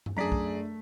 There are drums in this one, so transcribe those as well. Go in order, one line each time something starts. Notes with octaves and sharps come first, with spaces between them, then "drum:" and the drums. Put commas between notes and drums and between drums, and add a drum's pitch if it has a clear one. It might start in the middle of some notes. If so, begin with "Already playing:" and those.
drum: tom G2
F#2 A3 D4 G#4 D5 A#5 B6
drum: kick